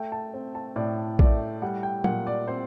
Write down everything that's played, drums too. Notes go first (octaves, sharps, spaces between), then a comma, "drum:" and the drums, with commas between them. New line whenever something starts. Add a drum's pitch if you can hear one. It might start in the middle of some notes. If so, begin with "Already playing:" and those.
Already playing: A3 G5
A5
C4
A5
A2 D5
A3 D5, drum: kick A#1
G3 F#5
G5
A#2 F#5, drum: tom F#3
D5
C4 C5